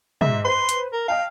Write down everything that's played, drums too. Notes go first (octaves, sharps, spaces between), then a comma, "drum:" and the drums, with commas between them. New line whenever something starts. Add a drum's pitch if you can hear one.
G#2 E5, drum: tom
B4 C5 C6
drum: hi-hat
A#4
D#5 F5 G5 A5